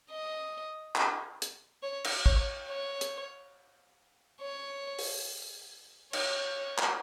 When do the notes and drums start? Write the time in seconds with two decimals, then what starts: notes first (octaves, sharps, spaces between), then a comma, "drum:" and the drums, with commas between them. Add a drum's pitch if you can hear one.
0.11 D#5
0.95 drum: clap
1.42 drum: hi-hat
1.83 C#5
2.04 drum: cymbal
2.26 C#5, drum: kick
2.69 C#5
3.01 drum: hi-hat
4.41 C#5
4.99 drum: open hi-hat
6.13 C#5, drum: cymbal
6.78 drum: clap